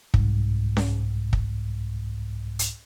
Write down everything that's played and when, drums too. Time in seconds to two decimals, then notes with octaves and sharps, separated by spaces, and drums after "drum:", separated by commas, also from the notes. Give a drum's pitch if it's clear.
0.14 C2 G#2, drum: kick
0.77 drum: snare C#4
1.33 drum: kick
2.59 drum: hi-hat